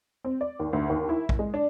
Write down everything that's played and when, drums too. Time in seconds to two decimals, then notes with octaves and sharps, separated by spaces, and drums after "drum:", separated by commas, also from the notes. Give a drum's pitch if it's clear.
0.25 C4
0.41 D5
0.59 D#2
0.73 D2
0.89 D#2
1.09 E4
1.29 drum: kick
1.39 G#3
1.54 D4